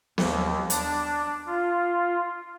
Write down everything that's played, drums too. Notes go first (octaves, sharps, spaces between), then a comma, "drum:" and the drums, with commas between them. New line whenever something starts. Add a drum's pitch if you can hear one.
D#2, drum: snare B3
D4, drum: hi-hat
F4